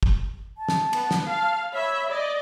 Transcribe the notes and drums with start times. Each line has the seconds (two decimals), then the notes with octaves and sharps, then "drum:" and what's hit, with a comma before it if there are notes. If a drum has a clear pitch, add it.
0.03 drum: kick
0.58 A5
0.69 drum: snare
0.93 B3, drum: cymbal
1.11 drum: snare
1.27 F5 A5
1.73 C#5 E5 B5
2.09 D5 D#5